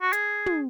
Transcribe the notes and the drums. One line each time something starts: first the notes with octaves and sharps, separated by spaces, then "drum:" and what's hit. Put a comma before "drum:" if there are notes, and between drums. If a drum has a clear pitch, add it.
F#4
G#4, drum: hi-hat
drum: tom